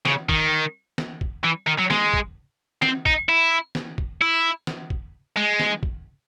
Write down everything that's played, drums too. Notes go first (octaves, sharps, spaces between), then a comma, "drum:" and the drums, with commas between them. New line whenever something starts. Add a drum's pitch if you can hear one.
C#3, drum: snare
D#3, drum: kick
drum: snare
drum: kick
E3
D#3
F#3
G#3, drum: snare
drum: kick
C4, drum: snare
D#4, drum: kick
E4
drum: snare
drum: kick
E4
drum: snare
drum: kick
G#3
drum: snare
drum: kick